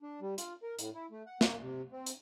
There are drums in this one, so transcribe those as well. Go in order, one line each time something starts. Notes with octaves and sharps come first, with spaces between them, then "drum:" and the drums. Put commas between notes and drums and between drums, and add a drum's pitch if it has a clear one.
D4
G3
F4, drum: hi-hat
A#4
A2, drum: hi-hat
E4
A3
F#5
A#3, drum: snare
C3
C4
drum: hi-hat